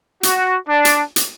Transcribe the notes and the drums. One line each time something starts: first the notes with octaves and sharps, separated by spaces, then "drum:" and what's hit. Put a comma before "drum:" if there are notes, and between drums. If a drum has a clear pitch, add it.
F#4, drum: hi-hat
D4
drum: hi-hat
drum: hi-hat